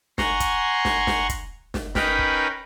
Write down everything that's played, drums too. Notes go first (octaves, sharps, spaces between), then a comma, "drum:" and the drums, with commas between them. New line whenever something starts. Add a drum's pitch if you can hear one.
F#5 G#5 A#5 C6 C#6, drum: snare
drum: kick, hi-hat
drum: snare
drum: snare
drum: kick, hi-hat
drum: snare
C#4 D#4 A#4 B4 G5 B5, drum: snare
drum: kick